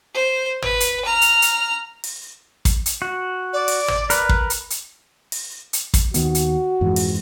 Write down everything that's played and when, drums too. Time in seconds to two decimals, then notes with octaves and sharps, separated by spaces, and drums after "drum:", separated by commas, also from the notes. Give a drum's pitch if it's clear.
0.14 C5
0.62 B4, drum: tom G#1
0.80 drum: hi-hat
1.05 A#5 F6
1.21 drum: hi-hat
1.42 drum: hi-hat
2.04 drum: open hi-hat
2.65 drum: kick, hi-hat
2.86 drum: hi-hat
3.02 F#4
3.53 D5
3.68 drum: open hi-hat
3.88 drum: tom G#1
4.10 A#4 B4, drum: hi-hat
4.29 drum: kick
4.50 drum: hi-hat
4.70 drum: hi-hat
5.32 drum: open hi-hat
5.73 drum: hi-hat
5.94 drum: kick, hi-hat
6.14 D#2 D#3 B3 F#4, drum: hi-hat
6.35 drum: hi-hat
6.81 F2 G#2 E3
6.96 drum: open hi-hat